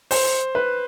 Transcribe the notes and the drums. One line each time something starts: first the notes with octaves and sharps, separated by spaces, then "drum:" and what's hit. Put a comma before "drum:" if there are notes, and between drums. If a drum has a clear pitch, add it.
C5, drum: open hi-hat
B4